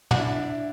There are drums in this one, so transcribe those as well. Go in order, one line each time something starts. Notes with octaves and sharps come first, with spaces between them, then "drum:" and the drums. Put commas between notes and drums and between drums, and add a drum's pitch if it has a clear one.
D4 F#4, drum: tom
E4
D4
E4